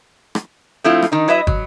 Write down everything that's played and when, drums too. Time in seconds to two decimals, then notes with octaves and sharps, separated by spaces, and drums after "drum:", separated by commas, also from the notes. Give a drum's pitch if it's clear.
0.35 drum: rim click
0.84 F3 A3 C4 E4 F4
1.02 drum: rim click
1.12 D#3 D#4
1.28 F#3 E4 B4 D#5 E5
1.47 F#3, drum: kick